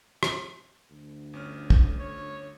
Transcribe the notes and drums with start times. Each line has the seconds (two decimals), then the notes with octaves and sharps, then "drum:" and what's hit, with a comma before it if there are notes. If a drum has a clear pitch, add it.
0.23 drum: rim click
0.91 D2
1.33 G1 C#4 F6
1.70 drum: kick
1.99 C#5